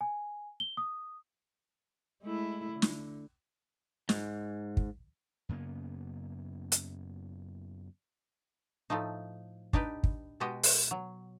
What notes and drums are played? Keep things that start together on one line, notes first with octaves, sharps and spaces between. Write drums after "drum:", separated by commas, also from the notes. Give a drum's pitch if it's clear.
G#5
G7
D#6
G#3 A3 E4
D3
drum: snare
G#2, drum: snare
drum: kick
F#2 C#3 A#3 B3
drum: hi-hat
A2 F3 A3 D#4
D4 D#4 G4 B4, drum: kick
drum: kick
B2 G#3 F#4 G4 D#5 G5
drum: open hi-hat
F#3